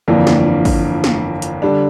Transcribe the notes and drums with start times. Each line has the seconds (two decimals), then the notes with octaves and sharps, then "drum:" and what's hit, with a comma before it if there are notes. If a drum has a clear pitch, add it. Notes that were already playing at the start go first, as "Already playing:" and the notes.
0.08 G1 F2 E3 A#3 D4
0.27 drum: snare
0.65 drum: kick, open hi-hat
1.04 drum: snare
1.42 drum: hi-hat
1.62 D3 G3 D4